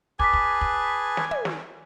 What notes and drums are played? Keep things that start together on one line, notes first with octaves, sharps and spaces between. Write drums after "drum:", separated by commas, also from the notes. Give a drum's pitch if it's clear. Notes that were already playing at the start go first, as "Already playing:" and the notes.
G#4 B4 G#5 A5 D6 B6, drum: kick
drum: kick
drum: kick
drum: snare
drum: tom
drum: snare